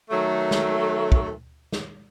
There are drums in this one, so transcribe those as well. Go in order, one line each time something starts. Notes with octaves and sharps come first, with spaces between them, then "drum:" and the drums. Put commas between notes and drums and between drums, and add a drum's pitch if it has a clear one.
D#3 F#3 A3
drum: snare
drum: kick
drum: snare